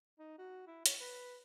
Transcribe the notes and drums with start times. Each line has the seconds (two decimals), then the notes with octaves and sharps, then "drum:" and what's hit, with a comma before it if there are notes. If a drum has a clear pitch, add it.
0.19 D#4
0.38 F#4
0.67 E4
0.86 C#5, drum: hi-hat
1.00 B4